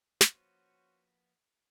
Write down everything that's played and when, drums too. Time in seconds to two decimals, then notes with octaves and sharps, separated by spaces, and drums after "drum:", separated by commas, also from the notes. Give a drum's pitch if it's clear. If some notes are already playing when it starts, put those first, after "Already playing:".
0.21 F3 A#3 B3 C#4 F#4 C5, drum: snare